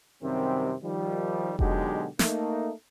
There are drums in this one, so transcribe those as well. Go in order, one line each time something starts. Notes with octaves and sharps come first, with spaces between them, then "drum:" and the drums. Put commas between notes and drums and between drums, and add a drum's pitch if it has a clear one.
F#2 C3 D#3 G3 C4
D#3 F3 G3
B2 D3 F#3 G#3 D#4 G4, drum: kick F1
A3 A#3 D#4, drum: snare